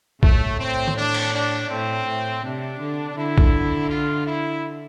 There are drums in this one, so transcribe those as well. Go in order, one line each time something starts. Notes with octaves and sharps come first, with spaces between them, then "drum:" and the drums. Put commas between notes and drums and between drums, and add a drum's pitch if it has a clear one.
A2 A3, drum: kick A#1
C4
drum: tom
D4
drum: cymbal
D4
A2 C4
A2
C3 D4
D3
D3 E4
drum: kick A#1
F4
E4